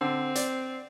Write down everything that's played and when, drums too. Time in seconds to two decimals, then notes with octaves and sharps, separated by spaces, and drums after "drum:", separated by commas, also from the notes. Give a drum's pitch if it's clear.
0.01 D3 C4
0.35 D5, drum: hi-hat